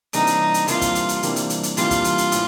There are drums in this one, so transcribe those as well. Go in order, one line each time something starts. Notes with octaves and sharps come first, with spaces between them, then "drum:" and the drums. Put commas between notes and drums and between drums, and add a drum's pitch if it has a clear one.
C3 E3 G3 A#3 D4 D#4, drum: hi-hat
drum: hi-hat
drum: hi-hat
C3 E3 G3 A#3 D4 F4, drum: hi-hat
drum: kick, hi-hat
drum: hi-hat
drum: hi-hat
C3 E3 G3 A#3 D4, drum: hi-hat
drum: hi-hat
drum: hi-hat
drum: hi-hat
C3 E3 G3 A#3 D4 F4, drum: hi-hat
drum: kick, hi-hat
drum: hi-hat
drum: hi-hat
A2 E3, drum: hi-hat